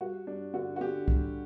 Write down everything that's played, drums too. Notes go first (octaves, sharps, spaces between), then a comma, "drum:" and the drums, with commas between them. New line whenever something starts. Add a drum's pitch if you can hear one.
G3 F#4
G3 D4
D3 F#4
F#4
D3 G4
G3, drum: kick C2